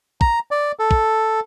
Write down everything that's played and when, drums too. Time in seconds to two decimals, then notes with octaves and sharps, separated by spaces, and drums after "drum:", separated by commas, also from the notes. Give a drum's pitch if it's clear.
0.21 A#5, drum: kick
0.51 D5
0.79 A4
0.91 drum: kick